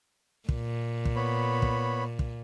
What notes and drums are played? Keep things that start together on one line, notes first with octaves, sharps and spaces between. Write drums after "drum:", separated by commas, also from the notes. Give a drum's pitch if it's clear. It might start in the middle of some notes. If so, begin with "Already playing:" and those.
A#2, drum: kick
drum: kick
B3 C#5 B5
drum: kick
drum: kick